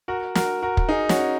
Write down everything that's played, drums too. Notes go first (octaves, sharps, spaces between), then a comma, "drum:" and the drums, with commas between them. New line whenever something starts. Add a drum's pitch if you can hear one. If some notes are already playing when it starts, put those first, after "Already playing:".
F#4 A#4
F#4 A#4, drum: snare
F#4 A#4
drum: kick
D#4 G#4
C#4 F#4, drum: snare